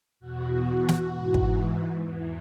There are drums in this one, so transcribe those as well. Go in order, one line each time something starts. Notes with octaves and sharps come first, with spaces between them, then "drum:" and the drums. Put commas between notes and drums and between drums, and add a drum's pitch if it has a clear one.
E2 B2 F#4
drum: snare
G#2 E3
drum: kick
E2 E3